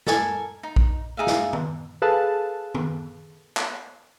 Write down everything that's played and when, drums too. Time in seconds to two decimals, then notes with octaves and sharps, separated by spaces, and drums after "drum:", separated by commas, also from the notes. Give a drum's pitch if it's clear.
0.07 A4 A#4 G#5, drum: snare
0.63 D#4
0.76 drum: kick A#1
1.17 D#4 G#4 E5 F5
1.27 drum: snare
1.53 drum: tom
2.02 G#4 A4 B4 F5 A5
2.75 drum: tom
3.57 drum: clap